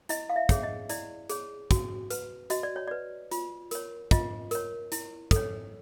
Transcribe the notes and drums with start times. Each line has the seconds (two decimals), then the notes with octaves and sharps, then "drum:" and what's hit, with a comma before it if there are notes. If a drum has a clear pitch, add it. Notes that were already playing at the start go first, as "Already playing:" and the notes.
0.09 E4 D#5, drum: hi-hat
0.29 F5
0.36 E5
0.49 G#4 C#5, drum: kick, hi-hat
0.63 D#5
0.90 E4 D5, drum: hi-hat
1.30 G#4 C#5, drum: hi-hat
1.71 F#4, drum: kick, hi-hat
2.10 B4, drum: hi-hat
2.50 F#4 D#5, drum: hi-hat
2.63 D5
2.76 C#5
2.88 B4 D5
3.31 F4, drum: hi-hat
3.71 A#4 C#5, drum: hi-hat
4.11 F4 D#5, drum: kick, hi-hat
4.51 A#4 C#5, drum: hi-hat
4.92 E4, drum: hi-hat
5.31 A4, drum: kick, hi-hat
5.36 C#5